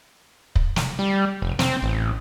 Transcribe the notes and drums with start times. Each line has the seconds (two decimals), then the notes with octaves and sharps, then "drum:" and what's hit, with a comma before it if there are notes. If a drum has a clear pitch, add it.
0.55 drum: kick
0.76 drum: snare
0.99 G3
1.42 F1
1.59 C4, drum: snare
1.82 A1